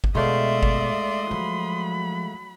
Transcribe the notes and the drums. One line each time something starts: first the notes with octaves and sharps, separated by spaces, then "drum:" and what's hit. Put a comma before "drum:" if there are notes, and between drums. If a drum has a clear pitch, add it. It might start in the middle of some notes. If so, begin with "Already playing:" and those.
drum: kick G1
B2 G#3 A3 D5 E5 F5 C6 D#6
drum: kick G1
F3 F#3 B5